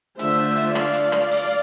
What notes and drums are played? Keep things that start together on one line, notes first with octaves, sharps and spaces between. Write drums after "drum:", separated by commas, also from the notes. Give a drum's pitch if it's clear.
D3 A3 D4 F4 C5 E5, drum: hi-hat
drum: hi-hat
D5 F5, drum: rim click
drum: hi-hat
drum: rim click
drum: open hi-hat